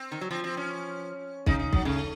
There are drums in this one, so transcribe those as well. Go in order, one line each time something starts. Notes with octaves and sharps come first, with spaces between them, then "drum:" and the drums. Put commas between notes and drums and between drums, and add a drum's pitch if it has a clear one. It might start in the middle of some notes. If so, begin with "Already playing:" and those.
Already playing: C4
D#3
F#3
F3 C4
C4
C#4
C#3 D#4, drum: kick
D#4
F#3, drum: kick
C#3 A3